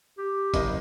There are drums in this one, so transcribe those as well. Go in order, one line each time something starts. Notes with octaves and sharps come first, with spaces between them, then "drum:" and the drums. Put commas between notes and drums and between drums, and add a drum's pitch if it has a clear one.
G4
F#1 D#5, drum: kick G1, hi-hat